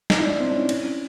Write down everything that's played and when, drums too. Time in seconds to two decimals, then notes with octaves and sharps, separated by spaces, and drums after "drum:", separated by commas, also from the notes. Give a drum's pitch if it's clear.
0.10 D#4, drum: snare
0.19 E4
0.25 D4
0.30 D#4
0.40 C4
0.50 D4
0.55 C#4
0.69 C#4, drum: cymbal